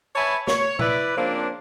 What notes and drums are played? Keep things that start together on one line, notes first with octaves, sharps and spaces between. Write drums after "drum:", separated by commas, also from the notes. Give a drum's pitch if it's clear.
B4 C#5 E5 G#5 A5 B5
C#5, drum: snare
E4 B4 D5, drum: tom A#2
C#3 F3 A#3 C4 D4